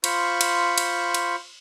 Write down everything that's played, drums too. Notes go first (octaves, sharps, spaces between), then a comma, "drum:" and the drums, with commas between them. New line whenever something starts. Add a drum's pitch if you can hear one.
F4 C5 B5 C#6, drum: cymbal
drum: cymbal
drum: cymbal
drum: cymbal